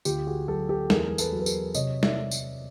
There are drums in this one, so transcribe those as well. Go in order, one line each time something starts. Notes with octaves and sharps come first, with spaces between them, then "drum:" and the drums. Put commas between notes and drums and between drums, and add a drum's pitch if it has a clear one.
D2 F4 G4, drum: tambourine
F#4 G#4
F#3 G4 A4
G4 A4
E2 G#4 A#4, drum: snare
A4 B4, drum: tambourine
F#3
B4
G#4 A#4, drum: tambourine
C3 C#5 D#5, drum: tambourine
D5 E5, drum: snare
drum: tambourine